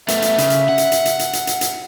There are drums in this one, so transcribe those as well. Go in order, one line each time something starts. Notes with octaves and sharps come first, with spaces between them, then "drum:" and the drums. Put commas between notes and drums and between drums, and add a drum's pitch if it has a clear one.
A3 B3 E5, drum: hi-hat
drum: hi-hat
C#3, drum: hi-hat
drum: hi-hat
F#5
drum: hi-hat
drum: hi-hat
drum: hi-hat
drum: hi-hat
drum: hi-hat
drum: hi-hat
drum: hi-hat